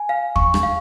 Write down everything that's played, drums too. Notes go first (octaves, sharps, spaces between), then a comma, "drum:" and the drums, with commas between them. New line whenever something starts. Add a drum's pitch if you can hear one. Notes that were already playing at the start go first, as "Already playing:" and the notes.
Already playing: G#5
F5
C#6, drum: kick
drum: rim click
F5